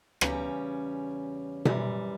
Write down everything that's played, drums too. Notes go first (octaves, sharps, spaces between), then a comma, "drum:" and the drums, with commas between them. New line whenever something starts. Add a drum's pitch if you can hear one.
E2 C#3 G3 C#4, drum: rim click
F#2 E3 G3, drum: tom B2